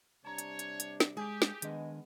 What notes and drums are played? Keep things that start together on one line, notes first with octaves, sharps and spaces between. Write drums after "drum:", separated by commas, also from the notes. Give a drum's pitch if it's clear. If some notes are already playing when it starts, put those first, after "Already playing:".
C3 G3 D4 C#5 A5 A#5
drum: hi-hat
drum: hi-hat
drum: hi-hat
drum: snare
G#3 G4 G#4
drum: snare
D#3 G#3 B3 D4 D#5, drum: hi-hat